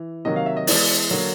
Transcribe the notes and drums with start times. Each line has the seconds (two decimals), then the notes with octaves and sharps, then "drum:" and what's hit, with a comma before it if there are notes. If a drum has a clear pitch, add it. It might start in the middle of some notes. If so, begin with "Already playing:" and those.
Already playing: E3
0.25 C3 D#3 F#3 A#3 D#5
0.36 F5
0.46 E5
0.57 D#5
0.67 E3 G#3 B3 D5, drum: open hi-hat
1.10 D3 F#3 A#3